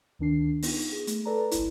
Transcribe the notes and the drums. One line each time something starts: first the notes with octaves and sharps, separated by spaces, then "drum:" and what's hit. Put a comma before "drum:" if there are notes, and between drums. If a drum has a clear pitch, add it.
D2 D#3 D4 C7
B3 D#4 F4, drum: open hi-hat
G#4
A3, drum: hi-hat
A4 B4 D5 A5 A#5
G1 C2 E4, drum: hi-hat